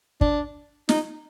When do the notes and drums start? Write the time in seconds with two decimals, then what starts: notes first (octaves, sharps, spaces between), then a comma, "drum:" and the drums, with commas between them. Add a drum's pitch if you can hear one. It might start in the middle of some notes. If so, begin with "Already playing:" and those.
0.21 D4, drum: kick
0.89 D#4, drum: snare